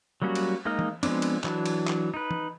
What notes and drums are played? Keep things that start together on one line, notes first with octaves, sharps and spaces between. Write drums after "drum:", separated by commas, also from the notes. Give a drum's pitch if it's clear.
F#3 G3 A#3 C#4 F#4
drum: cymbal
G#3 A#3 D#4 D#5 F6
drum: tom E3
F3 G#3 B3 C4 D4, drum: cymbal
drum: cymbal
E3 F#3 D4, drum: clap
drum: cymbal
drum: clap
D#4 B4
drum: tom E3